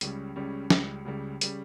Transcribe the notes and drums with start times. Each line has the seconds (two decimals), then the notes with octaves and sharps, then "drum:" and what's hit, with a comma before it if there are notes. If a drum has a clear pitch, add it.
0.01 C#2 C#3 G3 C#4, drum: hi-hat
0.36 C#2 C#3 G3 C#4
0.70 C#2 C#3 G3, drum: snare
1.05 C#2 C#3 G3
1.41 C#3 G3 C#4, drum: hi-hat